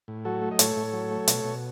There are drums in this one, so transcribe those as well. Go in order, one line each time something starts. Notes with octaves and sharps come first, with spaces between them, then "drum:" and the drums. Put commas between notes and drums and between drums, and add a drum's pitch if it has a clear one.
A2
F#3 F#4 A4
A3
D#5
A2 A4 C#5, drum: hi-hat
A2
F#3
A3
B2, drum: hi-hat
B2